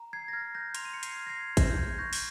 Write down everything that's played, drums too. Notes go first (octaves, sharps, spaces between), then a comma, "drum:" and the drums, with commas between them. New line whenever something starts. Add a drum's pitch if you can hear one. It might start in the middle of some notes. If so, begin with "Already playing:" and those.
Already playing: A#5
G#6 C7
A#6
F6 G#6
G6 A#6
C6 F7, drum: hi-hat
D#7
C#7
G#6 C7, drum: hi-hat
F6
A#6
G#6 C7
G6 A#6, drum: kick A1, hi-hat
G6
G#6
C#6 G6 A#6
drum: open hi-hat